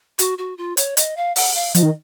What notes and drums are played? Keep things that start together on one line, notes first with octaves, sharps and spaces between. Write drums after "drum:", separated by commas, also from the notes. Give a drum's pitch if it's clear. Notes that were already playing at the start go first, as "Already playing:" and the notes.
F#4, drum: hi-hat
F#4
F4
C#5, drum: hi-hat
D#5, drum: hi-hat
F5
F#5, drum: open hi-hat
F5
F3 D#5, drum: hi-hat
D#3